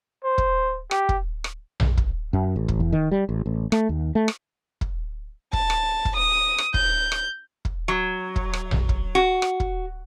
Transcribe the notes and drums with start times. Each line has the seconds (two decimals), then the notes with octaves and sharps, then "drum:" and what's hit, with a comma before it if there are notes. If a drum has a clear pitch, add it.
0.24 C5
0.38 drum: kick
0.91 G4, drum: rim click
1.09 drum: kick
1.44 drum: rim click
1.80 drum: tom A#1
1.97 drum: kick
2.33 F#2
2.56 A1
2.68 drum: kick
2.80 E2
2.92 D#3
3.11 G3
3.29 A1
3.46 A1
3.72 A3, drum: rim click
3.89 D#2
4.15 A3
4.28 drum: rim click
4.81 drum: kick
5.53 A5, drum: kick
5.70 drum: rim click
6.05 drum: kick
6.16 D#6
6.58 drum: rim click
6.74 G6, drum: kick
7.12 drum: rim click
7.65 drum: kick
7.88 F#3
8.36 drum: kick
8.53 drum: rim click
8.71 drum: tom A#1
8.89 drum: kick
9.15 F#4
9.42 drum: rim click
9.60 drum: kick